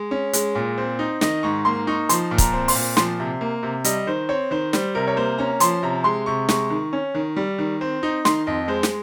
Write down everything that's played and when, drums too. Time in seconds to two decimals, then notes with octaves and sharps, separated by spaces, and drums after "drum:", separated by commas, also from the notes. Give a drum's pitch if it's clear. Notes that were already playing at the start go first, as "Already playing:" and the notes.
Already playing: G#3
0.11 C#4
0.33 G#3, drum: hi-hat
0.55 A#2
0.78 C4
0.99 D#4
1.21 D#3 D#5, drum: snare
1.43 G#2 C#6
1.65 A#3 C6
1.87 D#4 C#6
2.09 F3 C6, drum: hi-hat
2.31 A#2
2.38 A#5, drum: kick, hi-hat
2.53 C4
2.68 C6, drum: open hi-hat
2.75 A#2
2.97 F3 C6, drum: snare
3.20 C3
3.41 A#3
3.63 C3
3.84 G3 D#5, drum: hi-hat
4.07 D#3 C5
4.29 C4 C#5
4.51 D#3 C5
4.73 G3 C5, drum: snare
4.95 C3 A#4
5.07 C#5
5.17 A#3 C5
5.38 C#4 A#5
5.60 F3 C6, drum: hi-hat
5.83 C3 A#5
6.04 G#3 C6
6.26 C3 C#6
6.49 G#3 C#6, drum: snare
6.70 D#3
6.93 C#4
7.14 D#3
7.36 G3
7.58 D#3
7.81 C4
8.03 D#4
8.25 D#3 C6, drum: snare
8.47 F2 D#5
8.68 G#3 C5
8.83 drum: snare